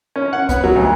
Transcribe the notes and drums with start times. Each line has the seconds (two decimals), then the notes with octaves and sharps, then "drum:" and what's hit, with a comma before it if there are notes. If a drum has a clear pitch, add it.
0.16 C#4
0.33 F#5
0.49 B3, drum: kick, hi-hat
0.64 F#3
0.76 D2